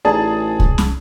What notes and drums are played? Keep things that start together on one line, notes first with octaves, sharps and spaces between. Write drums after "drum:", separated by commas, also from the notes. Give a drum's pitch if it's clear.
A1 D#4 E4 G#4 D5 A5
drum: kick C2
drum: snare